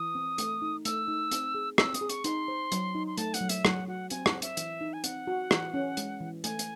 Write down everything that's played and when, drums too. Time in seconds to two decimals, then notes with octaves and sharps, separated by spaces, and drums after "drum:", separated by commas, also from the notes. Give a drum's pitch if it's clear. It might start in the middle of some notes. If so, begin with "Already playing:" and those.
Already playing: E3 D#6
0.15 C4
0.38 A3, drum: hi-hat
0.62 D#4
0.85 A3 E6, drum: hi-hat
1.08 D#4
1.32 C4, drum: hi-hat
1.54 G#4
1.78 C4 E6, drum: rim click
1.94 D#6, drum: hi-hat
2.01 G#4
2.09 C#6, drum: hi-hat
2.24 D#4 C6, drum: hi-hat
2.48 C5
2.72 F#3, drum: hi-hat
2.95 D#4
3.07 C6
3.17 A3 A5, drum: hi-hat
3.34 F#5, drum: hi-hat
3.41 F#3
3.49 E5, drum: hi-hat
3.65 F#3 F#5, drum: rim click
3.88 F#4 F#5
4.10 C4 G#5, drum: hi-hat
4.26 F#5, drum: rim click
4.34 C5
4.42 E5, drum: hi-hat
4.57 E3, drum: hi-hat
4.81 D#4
4.93 G#5
5.04 C4 F#5, drum: hi-hat
5.27 F#4
5.51 E3, drum: rim click
5.74 C#4
5.97 G#3, drum: hi-hat
6.20 E3
6.44 A3 G#5, drum: hi-hat
6.59 drum: hi-hat